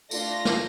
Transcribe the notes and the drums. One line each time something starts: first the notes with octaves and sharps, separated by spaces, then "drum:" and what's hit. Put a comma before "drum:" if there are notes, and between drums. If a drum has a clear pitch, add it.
A3 D4 F4 A#6, drum: tambourine
drum: snare